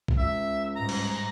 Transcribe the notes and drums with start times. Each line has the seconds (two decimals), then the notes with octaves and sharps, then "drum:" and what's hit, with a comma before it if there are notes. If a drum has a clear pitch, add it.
0.08 drum: kick
0.18 C#2 E5
0.76 G#2 G3 A#5
0.89 drum: cymbal